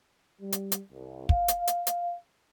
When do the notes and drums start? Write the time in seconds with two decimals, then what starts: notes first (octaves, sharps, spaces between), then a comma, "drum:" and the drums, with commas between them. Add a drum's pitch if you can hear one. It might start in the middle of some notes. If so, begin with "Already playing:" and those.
0.42 G3
0.52 drum: hi-hat
0.72 drum: hi-hat
0.92 C2
1.29 F5, drum: kick
1.48 drum: hi-hat
1.67 drum: hi-hat
1.87 drum: hi-hat